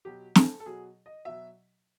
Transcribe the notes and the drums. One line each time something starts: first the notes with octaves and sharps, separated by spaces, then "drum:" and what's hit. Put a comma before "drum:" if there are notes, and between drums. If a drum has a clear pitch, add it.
B2 F#3 G4
A4, drum: snare
A4
B2 F#3 G#4
D#5
B2 F#3 E5